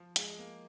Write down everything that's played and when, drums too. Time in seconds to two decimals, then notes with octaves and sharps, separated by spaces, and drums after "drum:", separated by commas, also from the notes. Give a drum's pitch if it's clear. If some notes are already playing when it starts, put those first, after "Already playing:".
Already playing: F3
0.16 G#3, drum: hi-hat
0.30 G#3
0.39 A#3